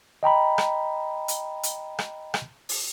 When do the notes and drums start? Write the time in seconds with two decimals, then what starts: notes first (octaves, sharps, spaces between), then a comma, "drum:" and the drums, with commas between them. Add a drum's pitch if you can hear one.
0.23 D#5 G5 A#5 B5
0.58 drum: rim click
1.28 drum: hi-hat
1.63 drum: hi-hat
1.99 drum: rim click
2.34 drum: rim click
2.69 drum: open hi-hat